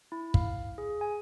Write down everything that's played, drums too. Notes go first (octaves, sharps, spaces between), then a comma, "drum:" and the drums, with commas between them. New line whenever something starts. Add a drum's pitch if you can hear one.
E4
F5, drum: kick
G#4
G#5